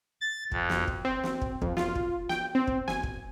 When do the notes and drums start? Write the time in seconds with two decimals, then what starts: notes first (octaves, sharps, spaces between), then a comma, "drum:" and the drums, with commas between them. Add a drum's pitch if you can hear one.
0.21 A6
0.52 F2, drum: kick
0.70 drum: snare
0.88 drum: kick
1.05 C4
1.24 drum: snare
1.42 drum: kick
1.62 F2, drum: kick
1.77 F4, drum: snare
1.96 drum: kick
2.29 G5, drum: snare
2.55 C4
2.67 drum: kick
2.88 G#5, drum: snare
3.03 drum: kick